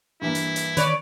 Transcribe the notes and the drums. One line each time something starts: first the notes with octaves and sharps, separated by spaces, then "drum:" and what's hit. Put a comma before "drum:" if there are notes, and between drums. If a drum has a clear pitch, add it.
G2 E3 A#3 E4
drum: hi-hat
drum: hi-hat
D#3 B4 C#5 D5, drum: hi-hat